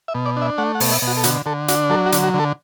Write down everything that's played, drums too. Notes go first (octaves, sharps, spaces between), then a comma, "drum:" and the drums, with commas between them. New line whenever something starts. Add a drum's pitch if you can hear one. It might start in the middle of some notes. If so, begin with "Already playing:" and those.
E5
B2
D5
D4
E5
A3 F#5
F#5
B2, drum: open hi-hat
E5
B2
F#4
A4
D3 F#4, drum: hi-hat
D3 A4
D4 F#4, drum: hi-hat
F#3 A4
F#4
D3, drum: hi-hat
F#4
D3
A4